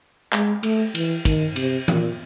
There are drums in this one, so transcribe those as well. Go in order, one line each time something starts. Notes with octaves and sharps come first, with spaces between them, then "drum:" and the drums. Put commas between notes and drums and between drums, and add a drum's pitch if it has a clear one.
G#3, drum: clap
A3, drum: cymbal
E3, drum: cymbal
D#3, drum: kick, cymbal
C3, drum: cymbal
A#2, drum: tom E3